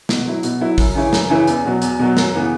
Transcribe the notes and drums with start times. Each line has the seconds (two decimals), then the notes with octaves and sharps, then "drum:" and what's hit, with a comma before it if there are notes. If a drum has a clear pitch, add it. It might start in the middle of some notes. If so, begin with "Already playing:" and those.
0.09 B2, drum: snare
0.26 F#3 E4
0.43 B2, drum: hi-hat
0.61 F#3 E4
0.78 F#2, drum: kick, open hi-hat
0.95 C#3 E3 C#4 E4
1.13 F#2, drum: snare
1.30 C#3 E3 C#4 E4
1.47 E2, drum: hi-hat
1.65 B2 F#3
1.82 E2, drum: hi-hat
1.99 B2 F#3
2.17 F#2, drum: snare
2.34 C#3 E3 B3